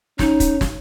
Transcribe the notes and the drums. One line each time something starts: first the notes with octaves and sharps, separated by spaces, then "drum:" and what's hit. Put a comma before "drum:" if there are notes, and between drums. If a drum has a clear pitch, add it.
C#4 D#4, drum: snare
drum: kick, hi-hat
drum: snare